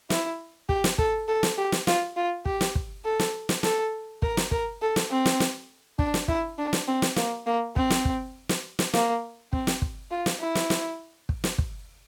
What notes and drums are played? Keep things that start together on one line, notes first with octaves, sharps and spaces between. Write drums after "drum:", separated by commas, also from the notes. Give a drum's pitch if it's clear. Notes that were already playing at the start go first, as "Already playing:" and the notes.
E4, drum: snare
G4, drum: kick
drum: snare
A4, drum: kick
A4
drum: snare
G4
drum: snare
F4, drum: snare
F4
G4, drum: kick
drum: snare
drum: kick
A4
drum: snare
drum: snare
A4, drum: snare
A#4, drum: kick
drum: snare
A#4, drum: kick
A4
drum: snare
C4
drum: snare
drum: snare
D4, drum: kick
drum: snare
E4, drum: kick
D4
drum: snare
C4
drum: snare
A#3, drum: snare
A#3
C4, drum: kick
drum: snare
drum: kick
drum: snare
drum: snare
A#3, drum: snare
C4, drum: kick
drum: snare
drum: kick
F4
drum: snare
E4
drum: snare
drum: snare
drum: kick
drum: snare
drum: kick